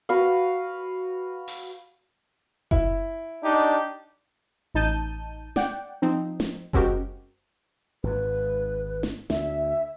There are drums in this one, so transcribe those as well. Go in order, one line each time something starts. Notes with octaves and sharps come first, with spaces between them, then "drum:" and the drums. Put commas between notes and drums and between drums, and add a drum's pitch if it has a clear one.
F#4 B4 F5
drum: open hi-hat
E4, drum: kick F#1
D4 D#4 G4
A1 D#4 A5 G6 D#7
D5 F#5 G5, drum: snare
F3 C4 D#4
drum: snare
G#3 C4 C#4 F#4 G4 A#4, drum: kick F#1
G#1 G#2 B4
drum: snare
D2 D3 E5, drum: snare